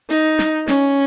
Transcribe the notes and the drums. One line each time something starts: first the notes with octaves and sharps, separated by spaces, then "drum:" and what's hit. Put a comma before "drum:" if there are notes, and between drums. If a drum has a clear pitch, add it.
D#4, drum: open hi-hat
drum: snare
C#4, drum: snare